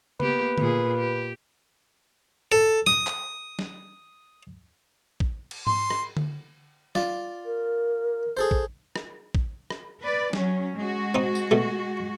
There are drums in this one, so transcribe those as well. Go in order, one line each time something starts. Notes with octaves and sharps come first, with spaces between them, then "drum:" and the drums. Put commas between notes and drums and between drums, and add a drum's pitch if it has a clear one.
A#3 B3 G4 B4, drum: tom C#3
A#2 G#4, drum: tom D3
G4
A4
D#6, drum: snare
drum: clap
drum: snare
drum: kick
drum: cymbal
C6, drum: tom G#2
drum: rim click
drum: tom D3
F4 D5, drum: snare
A#4
G#4 A4 C5
drum: kick
drum: rim click
drum: kick
drum: rim click
B4 D5
F#3 C#4, drum: snare
G#3 F#4
C4 D#4
drum: tambourine
B2 A3